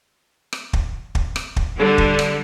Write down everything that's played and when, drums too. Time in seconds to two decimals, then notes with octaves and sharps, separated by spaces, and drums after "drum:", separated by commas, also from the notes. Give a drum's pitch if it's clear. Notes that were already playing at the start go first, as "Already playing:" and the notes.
0.53 drum: rim click
0.73 drum: kick
1.15 drum: kick
1.36 drum: rim click
1.56 drum: kick
1.77 D3 G3
1.98 drum: kick
2.19 drum: rim click